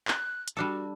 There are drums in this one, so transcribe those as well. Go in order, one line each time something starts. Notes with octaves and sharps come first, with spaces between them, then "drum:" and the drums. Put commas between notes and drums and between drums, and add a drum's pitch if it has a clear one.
F#6, drum: clap
drum: hi-hat
G3 D4 F#4 A4